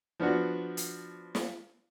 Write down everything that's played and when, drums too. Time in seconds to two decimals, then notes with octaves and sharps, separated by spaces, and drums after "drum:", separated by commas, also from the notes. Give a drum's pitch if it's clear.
0.20 F3 B3 D4 F#4
0.77 drum: hi-hat
1.35 drum: snare